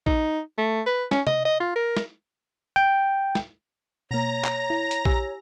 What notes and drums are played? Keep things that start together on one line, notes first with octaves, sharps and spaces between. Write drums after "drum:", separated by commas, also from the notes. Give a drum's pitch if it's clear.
D#4, drum: kick A#1
A3
B4
C#4, drum: snare
D#5, drum: tom C3
D#5
F4
A#4
drum: snare
G5
drum: snare
B2 A#3 C#5 A#5 A#6
drum: clap
E4
drum: hi-hat
G4 G#5 E6, drum: kick A#1